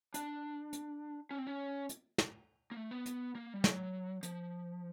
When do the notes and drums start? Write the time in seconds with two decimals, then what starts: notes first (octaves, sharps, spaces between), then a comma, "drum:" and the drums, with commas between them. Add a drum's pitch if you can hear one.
0.14 D4, drum: hi-hat
0.73 drum: hi-hat
1.31 C#4
1.38 C4
1.47 C#4
1.89 drum: hi-hat
2.18 drum: snare
2.71 A#3
2.77 A3
2.91 B3
3.06 drum: hi-hat
3.35 A#3
3.54 G3
3.64 F#3, drum: snare
4.23 F3, drum: hi-hat